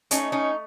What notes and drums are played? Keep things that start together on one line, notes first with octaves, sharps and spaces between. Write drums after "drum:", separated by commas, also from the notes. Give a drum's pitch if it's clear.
A3 C#4 D#4, drum: hi-hat
C#4 D#4